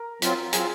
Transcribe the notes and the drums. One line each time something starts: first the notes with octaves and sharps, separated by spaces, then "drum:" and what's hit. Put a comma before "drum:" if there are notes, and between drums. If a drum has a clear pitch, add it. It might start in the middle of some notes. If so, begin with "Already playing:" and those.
Already playing: A#4 A#5
F#3 C4 F4, drum: hi-hat
F#3 C4 F4 G#4 G#5, drum: hi-hat